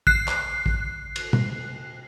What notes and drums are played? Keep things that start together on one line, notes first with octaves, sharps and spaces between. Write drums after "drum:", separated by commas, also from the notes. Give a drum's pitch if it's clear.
F#6 C7, drum: kick
drum: clap
drum: kick
drum: cymbal
drum: tom